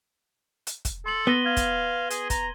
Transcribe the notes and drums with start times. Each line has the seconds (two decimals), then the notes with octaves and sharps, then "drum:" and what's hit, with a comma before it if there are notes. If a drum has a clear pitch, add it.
0.67 drum: hi-hat
0.85 drum: kick, hi-hat
1.06 A4 C6 F#7
1.27 B3 A#6 D#7 G7
1.46 F5 G#6
1.57 drum: kick, hi-hat
2.11 G#4, drum: hi-hat
2.30 A#5, drum: kick, hi-hat